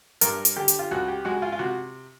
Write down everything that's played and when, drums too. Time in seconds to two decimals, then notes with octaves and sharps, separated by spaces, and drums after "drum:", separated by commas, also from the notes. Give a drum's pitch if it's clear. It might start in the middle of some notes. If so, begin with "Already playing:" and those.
0.21 G2 A#4, drum: hi-hat
0.45 drum: hi-hat
0.56 D3 G4
0.68 drum: hi-hat
0.79 F4
0.91 C#2 F#4
1.08 G4
1.25 G#3 F#4
1.42 F4
1.52 F4
1.59 C3 F#4